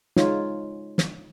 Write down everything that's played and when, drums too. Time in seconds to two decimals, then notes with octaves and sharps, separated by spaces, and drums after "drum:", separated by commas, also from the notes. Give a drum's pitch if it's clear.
0.17 G#3 D#4 F4 C#5, drum: snare
0.98 drum: snare